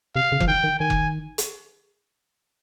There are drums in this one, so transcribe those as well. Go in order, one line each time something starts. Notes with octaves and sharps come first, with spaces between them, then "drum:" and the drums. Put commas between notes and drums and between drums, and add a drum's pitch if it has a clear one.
C3 F5
C#3
F3, drum: kick F1
D#3 G5
D#3
D#3 G#5
drum: kick F1
drum: hi-hat